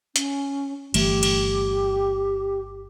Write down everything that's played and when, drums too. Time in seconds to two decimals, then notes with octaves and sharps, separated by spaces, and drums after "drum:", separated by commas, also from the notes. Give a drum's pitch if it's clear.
0.16 C#4, drum: hi-hat
0.94 G1 E3 A3 G4, drum: cymbal
1.23 drum: cymbal